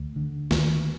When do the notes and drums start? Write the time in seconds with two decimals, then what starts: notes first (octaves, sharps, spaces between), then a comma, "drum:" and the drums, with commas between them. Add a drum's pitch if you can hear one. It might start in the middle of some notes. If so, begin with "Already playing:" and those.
Already playing: D2
0.16 D3
0.51 D2 D#3, drum: snare